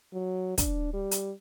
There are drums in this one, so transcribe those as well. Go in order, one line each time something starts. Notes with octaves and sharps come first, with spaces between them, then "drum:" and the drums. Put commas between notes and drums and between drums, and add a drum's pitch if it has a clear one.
F#3
D4, drum: kick, hi-hat
G3
drum: hi-hat